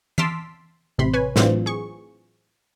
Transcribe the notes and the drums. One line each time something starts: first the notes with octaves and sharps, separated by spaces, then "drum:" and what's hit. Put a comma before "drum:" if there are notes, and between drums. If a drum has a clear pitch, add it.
A5 C6 D6 E6 F6 B6, drum: tom
A1 C3 B5 C6
B4 C#5 G#5
A2 E3 F#3 C4 D4 F4, drum: snare
G#4 C#6